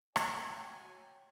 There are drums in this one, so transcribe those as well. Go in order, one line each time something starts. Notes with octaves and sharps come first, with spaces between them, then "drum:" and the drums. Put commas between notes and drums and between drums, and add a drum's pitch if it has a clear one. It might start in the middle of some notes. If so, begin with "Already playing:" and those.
F#4 C#5 G5 G#5, drum: rim click